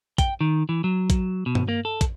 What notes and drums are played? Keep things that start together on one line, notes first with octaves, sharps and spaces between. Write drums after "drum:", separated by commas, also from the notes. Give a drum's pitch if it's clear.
G5, drum: kick, hi-hat
D#3
E3
F#3
drum: kick, hi-hat
B2
drum: tom G2
A#3
A4
drum: kick, hi-hat